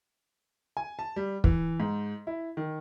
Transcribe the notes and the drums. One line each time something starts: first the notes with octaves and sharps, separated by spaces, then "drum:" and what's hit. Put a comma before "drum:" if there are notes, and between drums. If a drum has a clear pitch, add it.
G#5
A5
G3
E3, drum: kick
G#2
E4
D#3